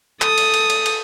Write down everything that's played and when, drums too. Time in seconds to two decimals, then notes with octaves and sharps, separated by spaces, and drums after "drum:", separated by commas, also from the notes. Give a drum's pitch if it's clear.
0.22 A4 D#6, drum: clap
0.38 drum: cymbal
0.54 drum: cymbal
0.70 drum: cymbal
0.86 drum: cymbal